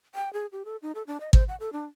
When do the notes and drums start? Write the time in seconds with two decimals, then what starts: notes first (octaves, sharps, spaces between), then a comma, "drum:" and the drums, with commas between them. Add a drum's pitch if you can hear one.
0.15 G5
0.33 G#4
0.52 G4
0.65 A4
0.82 D#4
0.95 A4
1.07 D4
1.20 D#5
1.33 C5, drum: kick
1.48 F#5
1.60 A4
1.73 D4